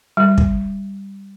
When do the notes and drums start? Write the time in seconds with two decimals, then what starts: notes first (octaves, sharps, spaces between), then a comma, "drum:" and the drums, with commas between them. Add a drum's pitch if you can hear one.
0.17 G3
0.38 drum: kick